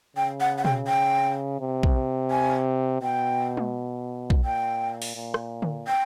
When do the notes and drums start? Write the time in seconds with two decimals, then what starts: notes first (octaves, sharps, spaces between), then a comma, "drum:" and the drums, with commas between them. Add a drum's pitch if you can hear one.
0.16 C#3 G5
0.41 F#5
0.58 F#5
0.65 G5, drum: tom B2
0.87 G5
1.60 C3
1.83 drum: kick B1
2.31 G#5
3.02 B2 G5
3.57 drum: tom G#3
4.30 drum: kick B1
4.44 A#2 G5
5.02 drum: open hi-hat
5.16 A#2
5.34 drum: rim click
5.62 drum: tom D3
5.88 G5